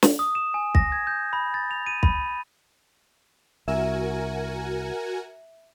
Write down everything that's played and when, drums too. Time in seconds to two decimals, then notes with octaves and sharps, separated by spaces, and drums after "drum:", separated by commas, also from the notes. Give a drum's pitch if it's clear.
0.03 drum: snare
0.19 D#6
0.35 E7
0.54 G#5
0.75 A#6, drum: kick
0.92 G#6
1.07 G6
1.33 B5
1.54 A6
1.71 F7
1.86 D#7
2.03 B5, drum: kick
3.68 C2 F#4 A#4 E5 G#5